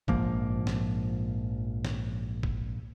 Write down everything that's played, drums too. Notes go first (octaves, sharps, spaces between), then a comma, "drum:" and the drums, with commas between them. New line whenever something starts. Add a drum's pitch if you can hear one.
A#1 G#2 F3 A#3, drum: kick G#1
drum: snare
drum: snare
drum: kick G#1